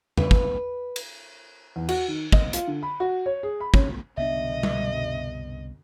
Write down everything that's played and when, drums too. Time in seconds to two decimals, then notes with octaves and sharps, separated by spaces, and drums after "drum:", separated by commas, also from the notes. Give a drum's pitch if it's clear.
0.17 B4, drum: tom E2
0.31 drum: kick
0.96 drum: cymbal
1.76 E2
1.89 F#4, drum: cymbal
2.08 D#3
2.32 D#5, drum: kick
2.53 F4, drum: hi-hat
2.68 D3
2.83 B5
3.00 F#4
3.26 C#5
3.43 G#4
3.60 B5
3.74 C#4, drum: kick
4.17 C2 F#2 B2 D3 B3 D4 D#5 E5
4.63 drum: tom G3